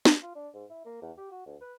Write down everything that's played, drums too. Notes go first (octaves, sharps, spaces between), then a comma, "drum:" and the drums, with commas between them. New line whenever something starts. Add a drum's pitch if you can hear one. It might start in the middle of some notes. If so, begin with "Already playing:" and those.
drum: snare
F4
D4
G#2
E4
A#3
E2
G4
F#4
D2
B4